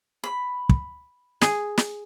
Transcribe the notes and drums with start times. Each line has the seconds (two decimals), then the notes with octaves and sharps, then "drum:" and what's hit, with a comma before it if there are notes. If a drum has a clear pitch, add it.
0.24 B5
0.69 drum: kick
1.41 G#4, drum: snare
1.77 drum: snare